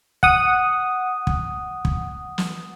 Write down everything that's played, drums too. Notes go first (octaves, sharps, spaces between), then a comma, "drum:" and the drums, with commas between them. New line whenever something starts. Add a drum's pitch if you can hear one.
F#5 D#6, drum: kick
drum: kick
drum: kick
drum: snare